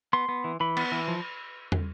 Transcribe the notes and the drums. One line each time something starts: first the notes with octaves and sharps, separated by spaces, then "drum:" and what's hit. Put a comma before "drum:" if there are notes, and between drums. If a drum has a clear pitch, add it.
B3 C6
B3
E3
E3 B5
B3, drum: cymbal
E3
F3
drum: tom